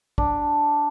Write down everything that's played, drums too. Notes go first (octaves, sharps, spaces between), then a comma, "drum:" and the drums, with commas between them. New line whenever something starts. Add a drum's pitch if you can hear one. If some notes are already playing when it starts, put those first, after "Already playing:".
D4, drum: kick